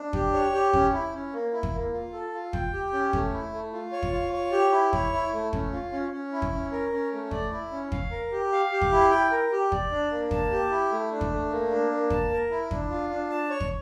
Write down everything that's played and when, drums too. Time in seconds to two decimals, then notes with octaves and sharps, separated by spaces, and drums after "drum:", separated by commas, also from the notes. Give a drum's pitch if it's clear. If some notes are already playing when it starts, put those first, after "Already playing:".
Already playing: D4
0.13 G4, drum: kick
0.33 C#5
0.53 G4
0.73 C#4, drum: kick
0.93 E4
1.13 C#4
1.33 A#3
1.53 E4
1.63 drum: kick
1.74 A#3
1.93 F4
2.13 A4
2.33 F4
2.53 G5, drum: kick
2.73 G4
2.93 C#4
3.13 A3, drum: kick
3.32 E4
3.52 A3
3.73 F4
3.92 C#5
4.02 drum: kick
4.12 F4
4.33 C#5
4.52 G4
4.72 E4
4.93 C#5, drum: kick
5.13 E4
5.32 A3
5.53 C#4, drum: kick
5.73 F4
5.92 C#4
6.12 C#4
6.32 E4
6.42 drum: kick
6.52 C#4
6.72 A#4
6.92 C#4
7.12 A3
7.31 D5, drum: kick
7.52 E4
7.71 C#4
7.92 F5, drum: kick
8.11 A#4
8.32 G4
8.52 F5
8.72 G4
8.81 drum: kick
8.92 E4
9.11 G5
9.31 A#4
9.52 G4
9.72 D5, drum: kick
9.91 D4
10.11 A#3
10.31 A5, drum: kick
10.51 G4
10.70 E4
10.91 A3
11.12 D4
11.21 drum: kick
11.31 A3
11.51 A#3
11.71 D4
11.91 A#3
12.10 A5, drum: kick
12.31 A#4
12.50 E4
12.71 D4, drum: kick
12.90 F4
13.10 D4
13.30 A5
13.50 C#5
13.60 drum: kick